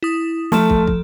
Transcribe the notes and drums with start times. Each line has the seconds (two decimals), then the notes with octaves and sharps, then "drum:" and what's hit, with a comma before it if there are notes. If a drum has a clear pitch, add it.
0.03 E4 D#6
0.52 F3 A3 A4, drum: snare
0.70 drum: kick
0.87 drum: kick